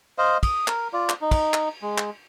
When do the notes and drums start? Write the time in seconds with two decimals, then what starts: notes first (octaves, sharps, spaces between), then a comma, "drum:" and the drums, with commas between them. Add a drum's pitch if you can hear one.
0.18 C5 D#5 F5
0.43 D#6, drum: kick, cymbal
0.68 A#4, drum: clap
0.93 F4 D5
1.09 drum: clap
1.21 D#4
1.31 drum: kick, cymbal
1.54 drum: clap
1.82 G#3
1.98 drum: clap